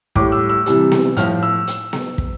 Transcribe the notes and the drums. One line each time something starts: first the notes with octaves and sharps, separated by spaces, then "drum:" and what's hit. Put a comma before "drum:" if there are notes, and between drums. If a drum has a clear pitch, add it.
A2 G3 D6, drum: kick
E6
E6
C3 E3 G3, drum: hi-hat
drum: snare B3
A2 F3 F6, drum: hi-hat
E6
drum: hi-hat
drum: snare B3
drum: kick